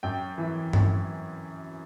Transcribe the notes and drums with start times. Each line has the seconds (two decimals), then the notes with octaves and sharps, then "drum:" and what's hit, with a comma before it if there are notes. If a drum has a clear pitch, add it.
0.03 F#2 G5
0.38 E3
0.73 F#2, drum: tom G2